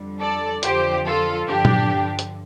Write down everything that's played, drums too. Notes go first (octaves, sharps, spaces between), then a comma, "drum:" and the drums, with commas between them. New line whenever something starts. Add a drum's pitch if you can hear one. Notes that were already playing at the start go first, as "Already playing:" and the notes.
Already playing: F2 D3 G3
A4 D5
F2 D3 F3 G4 C5, drum: hi-hat
F4 A4
G2 D3 F3 D4 G4
drum: tom A#2
drum: hi-hat